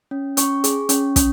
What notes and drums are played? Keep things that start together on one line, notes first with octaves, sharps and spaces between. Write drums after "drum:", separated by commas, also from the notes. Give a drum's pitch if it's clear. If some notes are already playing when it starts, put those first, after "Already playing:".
C#4
C#4 C#6, drum: hi-hat
G#4, drum: hi-hat
C#4, drum: hi-hat
C#4, drum: kick, hi-hat